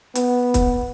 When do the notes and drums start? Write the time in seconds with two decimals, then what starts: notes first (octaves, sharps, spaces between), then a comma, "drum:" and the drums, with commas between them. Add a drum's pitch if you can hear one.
0.15 B3, drum: hi-hat
0.54 drum: kick, hi-hat